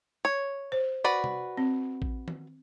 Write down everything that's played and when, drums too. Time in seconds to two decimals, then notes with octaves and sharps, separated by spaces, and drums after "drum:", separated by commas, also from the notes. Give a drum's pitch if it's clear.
0.25 C#5
0.72 C5
1.04 F#4 B4 D5
1.24 drum: tom C3
1.58 C4
2.02 drum: kick A1
2.28 drum: tom D#3